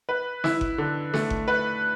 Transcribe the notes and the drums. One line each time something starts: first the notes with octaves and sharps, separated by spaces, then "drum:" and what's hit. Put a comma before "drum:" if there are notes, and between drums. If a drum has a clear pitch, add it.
B4
E4, drum: snare
drum: kick G1
D3
A3, drum: snare
drum: kick G1
B4